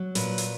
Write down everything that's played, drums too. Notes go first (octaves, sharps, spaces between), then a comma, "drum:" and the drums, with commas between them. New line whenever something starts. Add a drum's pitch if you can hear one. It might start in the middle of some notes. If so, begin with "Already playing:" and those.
Already playing: F#3
A#2 B4, drum: hi-hat
drum: hi-hat